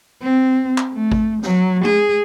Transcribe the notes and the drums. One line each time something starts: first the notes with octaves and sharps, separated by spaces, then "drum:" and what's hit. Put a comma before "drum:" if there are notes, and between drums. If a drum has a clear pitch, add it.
C4
drum: clap
A3
drum: kick
F#3, drum: snare
G#4, drum: tom G#3